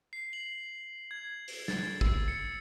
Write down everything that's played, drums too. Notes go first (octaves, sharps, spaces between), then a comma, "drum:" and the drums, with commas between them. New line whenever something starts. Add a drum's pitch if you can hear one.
C7
F#7
G#6
drum: open hi-hat
A6, drum: snare
E6, drum: kick
C#7